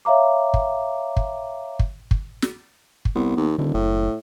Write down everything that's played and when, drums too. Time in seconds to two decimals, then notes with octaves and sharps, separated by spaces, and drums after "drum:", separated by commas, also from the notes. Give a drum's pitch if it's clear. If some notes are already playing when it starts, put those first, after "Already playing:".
0.05 C#5 E5 F5 A#5 D6
0.54 drum: kick
1.17 drum: kick
1.79 drum: kick
2.11 drum: kick
2.42 drum: snare
3.05 drum: kick
3.15 C2 B3
3.37 D#2
3.58 D#1 D3
3.74 F#1 A2